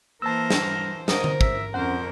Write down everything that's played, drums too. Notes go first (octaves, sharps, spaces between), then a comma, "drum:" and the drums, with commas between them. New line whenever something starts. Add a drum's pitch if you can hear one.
E3 A#3 A#4 C5 A5 E6
drum: snare
G3
A#4 C5 D#5, drum: snare
drum: tom D3
E5, drum: kick
F2 C#4 A#4 C5 F#5